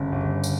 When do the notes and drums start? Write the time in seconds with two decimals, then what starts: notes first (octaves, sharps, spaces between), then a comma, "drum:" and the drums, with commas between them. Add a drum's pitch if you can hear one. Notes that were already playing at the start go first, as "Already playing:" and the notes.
Already playing: G1 C#3
0.12 G1
0.44 drum: tambourine